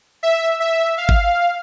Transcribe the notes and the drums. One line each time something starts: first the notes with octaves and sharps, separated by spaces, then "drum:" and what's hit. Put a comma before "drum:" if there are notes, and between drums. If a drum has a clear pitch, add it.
E5
E5
F5
drum: kick G#1